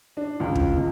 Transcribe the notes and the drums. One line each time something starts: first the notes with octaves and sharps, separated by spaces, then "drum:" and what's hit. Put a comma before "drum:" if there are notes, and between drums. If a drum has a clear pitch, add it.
D4
C#2
drum: kick
C#2